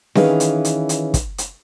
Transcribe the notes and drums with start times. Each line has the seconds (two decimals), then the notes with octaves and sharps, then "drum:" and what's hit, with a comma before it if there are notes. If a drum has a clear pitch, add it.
0.15 D#3 E3 C#4 G#4 F5, drum: snare C4
0.40 drum: hi-hat
0.65 drum: hi-hat
0.89 drum: hi-hat
1.14 drum: kick, hi-hat
1.38 drum: hi-hat